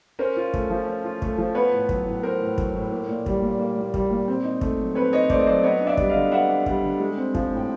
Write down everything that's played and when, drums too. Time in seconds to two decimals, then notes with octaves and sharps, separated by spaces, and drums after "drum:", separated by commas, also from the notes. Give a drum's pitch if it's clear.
0.19 C#4 A#4 C5
0.37 F4
0.54 A3, drum: kick
0.70 F3
0.87 C#4
1.05 F4
1.22 A3, drum: kick
1.38 F3
1.55 B3 B4 C#5
1.73 A2
1.89 F#3, drum: kick
2.06 A2
2.23 B3 A#4 C5
2.40 A2
2.58 F#3, drum: kick
2.75 A2
2.92 A#3
3.08 A#2
3.26 G3, drum: kick
3.42 A#2
3.59 A#3
3.77 A#2
3.94 G3, drum: kick
4.10 A#2
4.28 C4
4.44 D#4
4.61 A3, drum: kick
4.79 F#3
4.95 C4 B4 C#5
5.13 D#4 C#5 D#5
5.30 A3 C5 D5, drum: kick
5.39 D#5
5.47 F#3 C5 D5
5.64 B3 C#5 D#5
5.81 D4
5.87 D5 E5
5.97 G3, drum: kick
6.10 D#5 F5
6.16 D3
6.31 B3 E5 F#5
6.49 D4
6.66 G3, drum: kick
6.84 D3
7.00 G#3
7.17 C4
7.35 F3, drum: kick
7.52 A2
7.57 G5